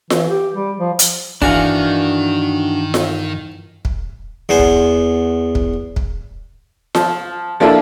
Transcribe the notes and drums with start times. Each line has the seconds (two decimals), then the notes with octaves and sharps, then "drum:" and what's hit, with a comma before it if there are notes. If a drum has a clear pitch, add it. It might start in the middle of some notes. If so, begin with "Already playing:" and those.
0.10 E3, drum: snare F4
0.29 G4
0.55 G3
0.79 F3
0.99 drum: hi-hat
1.42 G2 D#3 E3 D4 F#4 G#4 F5, drum: kick
2.94 drum: snare F4
3.85 drum: kick
4.49 E2 B3 C5 G#5
4.59 drum: kick
5.55 drum: kick
5.96 drum: kick
6.95 F3, drum: snare F4
7.60 F3 A#3 D4 E4 F4 A4